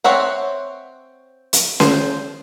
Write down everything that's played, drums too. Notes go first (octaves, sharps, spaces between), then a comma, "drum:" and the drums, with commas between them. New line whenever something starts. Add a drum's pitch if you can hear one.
C4 C#5 E5 F#5
drum: hi-hat
C5, drum: snare C#4